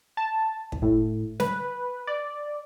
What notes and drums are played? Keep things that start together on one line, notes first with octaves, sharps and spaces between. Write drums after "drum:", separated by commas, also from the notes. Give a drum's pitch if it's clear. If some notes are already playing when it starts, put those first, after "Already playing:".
A5
drum: kick
A2
B4, drum: snare
D5